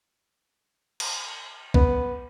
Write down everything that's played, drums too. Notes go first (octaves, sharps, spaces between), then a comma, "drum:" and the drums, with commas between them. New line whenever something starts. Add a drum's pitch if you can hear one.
drum: cymbal
B3, drum: kick B1